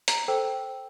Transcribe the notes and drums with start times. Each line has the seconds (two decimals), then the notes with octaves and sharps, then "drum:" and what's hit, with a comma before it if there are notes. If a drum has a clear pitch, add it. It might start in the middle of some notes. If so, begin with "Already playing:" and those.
0.08 A#5, drum: hi-hat
0.28 A4 C5 G5 E6